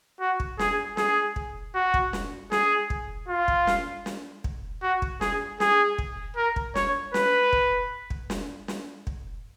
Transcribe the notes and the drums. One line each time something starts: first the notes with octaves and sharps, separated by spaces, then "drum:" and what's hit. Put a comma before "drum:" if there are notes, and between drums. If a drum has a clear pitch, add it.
F#4
drum: kick
G#4, drum: snare
G#4, drum: snare
drum: kick
F#4
drum: kick
drum: snare
G#4, drum: snare
drum: kick
F4
drum: kick
drum: snare
drum: snare
drum: kick
F#4
drum: kick
G#4, drum: snare
G#4, drum: snare
drum: kick
A#4
drum: kick
C#5, drum: snare
B4, drum: snare
drum: kick
drum: kick
drum: snare
drum: snare
drum: kick